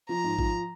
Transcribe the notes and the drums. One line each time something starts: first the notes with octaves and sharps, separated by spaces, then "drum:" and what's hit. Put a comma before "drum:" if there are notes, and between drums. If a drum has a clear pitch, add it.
F3 A#5
G#2
F3, drum: kick A1